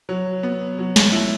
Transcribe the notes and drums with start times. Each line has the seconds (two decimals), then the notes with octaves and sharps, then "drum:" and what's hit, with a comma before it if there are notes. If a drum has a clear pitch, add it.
0.09 F#3
0.43 B3
0.79 F#3
0.96 drum: snare
1.13 E4